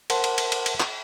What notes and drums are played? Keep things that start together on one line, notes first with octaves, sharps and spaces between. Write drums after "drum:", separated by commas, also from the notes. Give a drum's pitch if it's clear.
A#4 C5 F#5 A5 C6, drum: cymbal
drum: cymbal
drum: cymbal
drum: cymbal
drum: cymbal
drum: clap